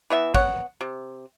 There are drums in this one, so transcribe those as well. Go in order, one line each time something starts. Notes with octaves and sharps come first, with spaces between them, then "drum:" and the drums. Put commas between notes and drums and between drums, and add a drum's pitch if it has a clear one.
E3 B3 E5
B3 C#5 F#5, drum: kick
C3